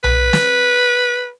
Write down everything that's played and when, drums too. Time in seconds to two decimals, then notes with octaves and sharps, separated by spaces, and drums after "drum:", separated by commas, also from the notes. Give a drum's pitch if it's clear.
0.04 B4, drum: tom B1
0.33 drum: snare